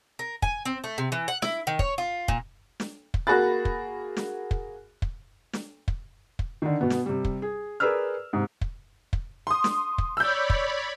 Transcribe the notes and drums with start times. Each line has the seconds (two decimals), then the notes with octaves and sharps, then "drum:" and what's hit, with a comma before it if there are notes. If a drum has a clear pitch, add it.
0.19 A#4
0.42 G#5, drum: kick
0.65 C4
0.84 A3
0.98 C3
1.12 E3
1.28 F#5
1.42 E4, drum: snare
1.67 D#3
1.79 C#5, drum: kick
1.98 F4
2.28 A#2, drum: kick
2.80 drum: snare
3.14 drum: kick
3.27 A#3 F#4 G#4 B5 F#6 A6
3.65 drum: kick
4.17 drum: snare
4.51 drum: kick
5.02 drum: kick
5.53 drum: snare
5.88 drum: kick
6.39 drum: kick
6.62 D3 D#3
6.81 B2 B3
6.90 drum: snare
7.06 C3 G3
7.25 drum: kick
7.42 G#4
7.80 G#4 A#4 B4 D5 E6 F6
8.33 G#2 C3
8.61 drum: kick
9.13 drum: kick
9.47 C6 D#6
9.64 drum: snare
9.98 drum: kick
10.17 C#5 D5 B5 E6 G6
10.50 drum: kick